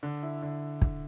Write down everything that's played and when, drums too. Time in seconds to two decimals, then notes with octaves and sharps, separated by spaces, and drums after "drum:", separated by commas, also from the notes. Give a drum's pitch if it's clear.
0.03 D3
0.23 E4
0.42 D3
0.82 drum: kick